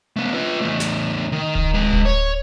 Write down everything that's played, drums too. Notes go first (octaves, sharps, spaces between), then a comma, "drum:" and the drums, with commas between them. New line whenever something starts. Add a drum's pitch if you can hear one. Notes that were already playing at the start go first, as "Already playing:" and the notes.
A3 B3
F4 B4
E2 A3
drum: snare
D#3
drum: kick D1
G#3 B4
drum: kick D1
C#5